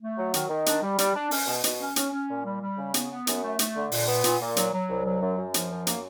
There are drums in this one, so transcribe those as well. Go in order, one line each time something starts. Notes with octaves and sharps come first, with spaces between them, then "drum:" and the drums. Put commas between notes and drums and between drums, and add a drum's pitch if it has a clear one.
A3
F#3
D#3, drum: hi-hat
D#3
D4, drum: hi-hat
G3
G3, drum: hi-hat
D4
C#4, drum: open hi-hat
B2
B2, drum: hi-hat
C#4
C#4, drum: hi-hat
C#4
A#2
G3
G3
C#3
B3, drum: hi-hat
B3
F#2, drum: hi-hat
A3
A3, drum: hi-hat
D3
A#2, drum: open hi-hat
B3
A#2, drum: hi-hat
A#2
F#3, drum: hi-hat
F#3
C2
F#3
F#2
F#2
F3, drum: hi-hat
F#2
A#3, drum: hi-hat